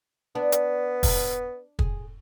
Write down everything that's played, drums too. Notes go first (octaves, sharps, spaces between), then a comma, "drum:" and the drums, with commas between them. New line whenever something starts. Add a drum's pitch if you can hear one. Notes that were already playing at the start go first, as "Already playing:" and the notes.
B3 D4
drum: hi-hat
drum: kick, open hi-hat
G#4, drum: kick